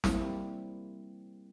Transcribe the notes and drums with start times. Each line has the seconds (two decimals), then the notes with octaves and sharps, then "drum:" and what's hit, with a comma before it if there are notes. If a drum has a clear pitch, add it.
0.04 G3 A#3 C4 E4, drum: snare